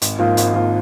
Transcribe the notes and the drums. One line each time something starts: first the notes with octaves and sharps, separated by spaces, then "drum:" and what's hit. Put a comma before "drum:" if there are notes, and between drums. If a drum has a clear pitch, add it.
G#1, drum: hi-hat
G#2 F3 A#3 F4
G#1, drum: hi-hat
G#2 F3 A#3 F4